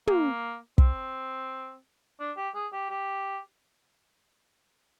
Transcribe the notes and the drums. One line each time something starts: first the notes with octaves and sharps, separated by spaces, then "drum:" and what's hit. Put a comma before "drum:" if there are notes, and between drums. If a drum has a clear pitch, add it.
A#3, drum: tom
C4, drum: kick
D4
G4
G#4
G4
G4